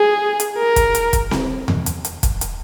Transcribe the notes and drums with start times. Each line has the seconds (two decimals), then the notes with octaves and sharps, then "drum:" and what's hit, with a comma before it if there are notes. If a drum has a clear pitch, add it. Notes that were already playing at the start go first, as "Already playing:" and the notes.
Already playing: G#4
0.40 drum: hi-hat
0.58 A#4
0.76 drum: kick, hi-hat
0.95 drum: hi-hat
1.13 drum: kick, hi-hat
1.31 drum: snare C4
1.68 drum: tom E2
1.86 drum: hi-hat
2.05 drum: hi-hat
2.23 drum: kick, hi-hat
2.41 drum: hi-hat